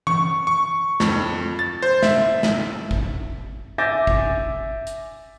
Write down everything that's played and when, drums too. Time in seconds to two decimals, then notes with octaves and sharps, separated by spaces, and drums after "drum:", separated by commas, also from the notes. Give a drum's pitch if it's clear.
0.07 C#6, drum: tom E3
0.47 C#6
1.00 F2, drum: snare
1.59 A6
1.82 C5
2.03 E5, drum: snare
2.43 drum: snare
2.91 drum: kick
3.78 E5 G#5 D6 G6 A6 A#6
4.07 drum: kick
4.87 drum: hi-hat